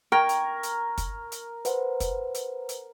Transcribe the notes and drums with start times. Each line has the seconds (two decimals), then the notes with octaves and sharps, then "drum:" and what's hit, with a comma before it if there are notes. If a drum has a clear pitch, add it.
0.12 A#4 G5 C#6 G#6
0.29 drum: hi-hat
0.63 drum: hi-hat
0.98 drum: kick, hi-hat
1.32 drum: hi-hat
1.65 B4 C5 F#5, drum: hi-hat
2.00 drum: kick, hi-hat
2.35 drum: hi-hat
2.69 drum: hi-hat